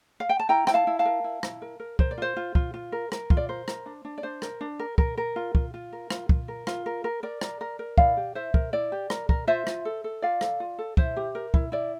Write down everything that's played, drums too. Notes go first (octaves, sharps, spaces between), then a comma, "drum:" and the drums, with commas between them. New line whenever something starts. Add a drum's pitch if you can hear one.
F5
G5
A5
E4 G5 A#5
E4 G5, drum: rim click
F5 A5
E4
F5 A5
A#4
E4
E4, drum: rim click
A#4
A#4
A#4 C5, drum: kick
D5
F4 C5
F4
F4, drum: kick
F4
A#4
A#4, drum: rim click
F4, drum: kick
D5
A#4 C5
A#4, drum: rim click
D4
D4
D5
D4 C5
A#4, drum: rim click
D4
A#4
A#4, drum: kick
A#4
F4
F4, drum: kick
F4
A#4
F4, drum: rim click
F4, drum: kick
A#4
F4, drum: rim click
A#4
A#4
A#4 D5
A#4, drum: rim click
A#4
A#4
E4 D5 F5, drum: kick
G4
E4 C5 E5
A#4, drum: kick
E4 D5
G4
A#4, drum: rim click
A#4, drum: kick
F4 C5 E5
F4, drum: rim click
A4
A4
F4 D5 F5
A4, drum: rim click
F4
A4
E4 C5 E5, drum: kick
G4
A#4
E4, drum: kick
E4 D5